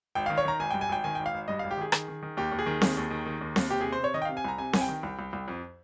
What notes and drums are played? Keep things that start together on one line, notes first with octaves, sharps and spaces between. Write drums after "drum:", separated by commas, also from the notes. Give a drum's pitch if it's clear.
G#1 G5
D#3 F5
C#5
D#3 A#5
G#1 G#5
G2 G5
G#5
G#1 G5
D#3 G#5
G#1 G5
F5
G#1
G2 D#5
G#1 F5
G4
D#3 G#4
D#3, drum: rim click
D#3
D#3
D#2 G4
D#2
G#4
D#3
D#2, drum: snare C4
D#2
D#3
D#3
D#2
D#2, drum: snare C4
C3 G4
C3 G#4
C5
C3 C#5
D#3 D#5
G5
C3 F5
G#5
C2 A#5
C3 G#5
C2 G#5, drum: snare C4
G5
D#3
C2
C2
C2
F2